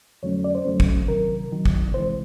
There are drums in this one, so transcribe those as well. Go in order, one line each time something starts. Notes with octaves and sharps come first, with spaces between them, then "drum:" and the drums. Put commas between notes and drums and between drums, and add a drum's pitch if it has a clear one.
F2 D3 F#3 A3 C#4 C#5
D5
C5
F2 D3 F#3 A3 C#4
drum: kick G#1
C3 D#3 F#3 A#4
C3 D#3 F#3
drum: kick G#1
C3 E3 G#3 C5